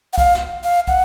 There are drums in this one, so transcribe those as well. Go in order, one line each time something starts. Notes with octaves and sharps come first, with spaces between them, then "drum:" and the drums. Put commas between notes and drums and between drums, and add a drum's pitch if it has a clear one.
F#5
F5, drum: kick
drum: snare
F5
F#5, drum: kick